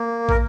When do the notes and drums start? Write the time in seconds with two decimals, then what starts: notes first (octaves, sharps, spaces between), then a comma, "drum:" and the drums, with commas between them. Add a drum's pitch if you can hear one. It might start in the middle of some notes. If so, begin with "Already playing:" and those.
Already playing: A#3
0.29 A#4, drum: kick